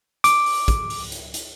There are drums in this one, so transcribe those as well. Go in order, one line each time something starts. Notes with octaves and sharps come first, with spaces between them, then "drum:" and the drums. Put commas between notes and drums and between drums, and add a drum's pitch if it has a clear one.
D6, drum: hi-hat
drum: open hi-hat
drum: kick, hi-hat
drum: open hi-hat
drum: hi-hat
drum: hi-hat